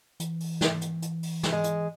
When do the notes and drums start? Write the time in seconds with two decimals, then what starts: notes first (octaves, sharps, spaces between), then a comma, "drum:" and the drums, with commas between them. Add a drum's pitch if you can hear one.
0.20 E3, drum: hi-hat
0.40 drum: open hi-hat
0.61 drum: snare
0.82 drum: hi-hat
1.02 drum: hi-hat
1.23 drum: open hi-hat
1.43 drum: snare
1.52 G#3
1.64 drum: hi-hat